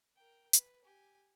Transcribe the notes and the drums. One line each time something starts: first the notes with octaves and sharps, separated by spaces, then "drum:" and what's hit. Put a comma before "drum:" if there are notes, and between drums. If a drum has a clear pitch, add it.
A#4 G5
B4, drum: hi-hat
G4 G#5